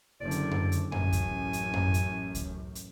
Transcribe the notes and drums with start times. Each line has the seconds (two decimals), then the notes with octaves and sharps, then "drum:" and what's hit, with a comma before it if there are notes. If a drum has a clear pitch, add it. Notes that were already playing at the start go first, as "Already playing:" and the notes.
0.21 F#1 D3 D5
0.31 drum: hi-hat
0.51 drum: tom F#2
0.72 drum: hi-hat
0.92 A1 F#2 G#5, drum: tom F#2
1.12 drum: kick C#2, hi-hat
1.53 drum: hi-hat
1.74 drum: tom F#2
1.94 drum: hi-hat
2.35 drum: kick C#2, hi-hat
2.75 drum: hi-hat